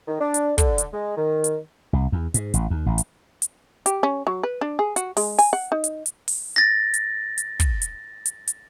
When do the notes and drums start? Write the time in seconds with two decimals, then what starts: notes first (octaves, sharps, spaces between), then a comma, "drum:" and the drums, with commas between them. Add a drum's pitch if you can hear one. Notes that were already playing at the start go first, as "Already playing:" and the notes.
0.07 D#3
0.21 D4
0.34 drum: hi-hat
0.58 D3, drum: kick, hi-hat
0.78 drum: hi-hat
0.93 G#3
1.17 D#3
1.44 drum: hi-hat
1.93 C2
2.12 E2
2.34 G#2, drum: hi-hat
2.54 A1, drum: hi-hat
2.70 D#2
2.86 A1
2.98 drum: hi-hat
3.42 drum: hi-hat
3.86 G4, drum: hi-hat
4.03 C#4
4.27 F#3
4.43 B4
4.61 D4
4.79 G#4
4.96 F#4, drum: hi-hat
5.17 G#3, drum: open hi-hat
5.39 G#5, drum: open hi-hat
5.53 F#5
5.72 D#4
5.84 drum: hi-hat
6.06 drum: hi-hat
6.28 drum: open hi-hat
6.56 A6 A#6
6.94 drum: hi-hat
7.38 drum: hi-hat
7.60 drum: kick, hi-hat
7.82 drum: hi-hat
8.26 drum: hi-hat
8.47 drum: hi-hat